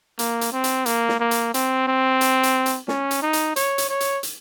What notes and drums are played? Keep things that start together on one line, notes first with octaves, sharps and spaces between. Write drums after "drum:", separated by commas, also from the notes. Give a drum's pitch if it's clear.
A#3, drum: hi-hat
drum: hi-hat
C4
drum: hi-hat
A#3, drum: hi-hat
drum: snare
A#3
drum: hi-hat
C4, drum: hi-hat
C4
drum: hi-hat
drum: hi-hat
drum: hi-hat
C#4, drum: snare
drum: hi-hat
D#4
drum: hi-hat
C#5, drum: hi-hat
drum: hi-hat
C#5
drum: hi-hat
drum: hi-hat